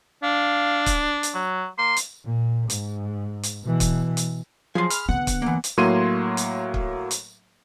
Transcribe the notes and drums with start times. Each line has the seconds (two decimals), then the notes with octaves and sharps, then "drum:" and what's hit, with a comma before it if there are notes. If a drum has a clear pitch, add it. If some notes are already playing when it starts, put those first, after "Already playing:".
0.23 D4 F5
0.86 drum: kick, hi-hat
1.23 drum: hi-hat
1.34 F#3
1.78 A#3 C6
1.97 drum: hi-hat
2.25 A#2
2.70 G#2, drum: hi-hat
3.43 drum: hi-hat
3.65 B2 E3
3.80 drum: kick, hi-hat
4.17 drum: hi-hat
4.75 F3 F#3 G#4 C6
4.90 B5 F6, drum: hi-hat
5.09 D3 B3 F#5
5.27 drum: kick, hi-hat
5.42 E3 A#3
5.64 drum: hi-hat
5.77 A2 F#3 A#3 C6 G#6 D#7
6.37 drum: hi-hat
6.74 drum: kick
7.11 drum: hi-hat